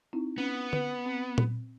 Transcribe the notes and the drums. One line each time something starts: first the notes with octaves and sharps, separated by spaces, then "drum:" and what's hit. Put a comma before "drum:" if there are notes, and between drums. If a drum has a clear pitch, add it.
C4 D#4 E4
B3 C#4
B4, drum: tom D3
C4
drum: tom A#2